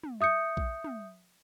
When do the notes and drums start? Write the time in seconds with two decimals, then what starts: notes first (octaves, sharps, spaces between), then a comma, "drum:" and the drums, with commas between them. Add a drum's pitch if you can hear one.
0.04 drum: tom
0.21 E5 D#6 G6 C#7
0.57 drum: kick A#1
0.84 drum: tom